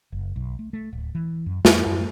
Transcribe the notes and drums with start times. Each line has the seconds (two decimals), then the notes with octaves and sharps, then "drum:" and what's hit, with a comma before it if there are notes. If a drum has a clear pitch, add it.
0.12 F#1
0.36 B1
0.59 A3
0.73 A3
0.93 D1
1.15 E3
1.46 F#2
1.65 F2, drum: snare
1.86 F#2